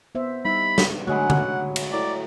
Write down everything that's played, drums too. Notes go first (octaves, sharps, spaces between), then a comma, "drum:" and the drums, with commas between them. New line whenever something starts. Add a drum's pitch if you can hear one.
B3 C5 E5
G3 D#4 E5 B5
drum: snare
D3 F#3 G#3 A3 F#5 B5
drum: tom D3
drum: cymbal
A2 D5 A#5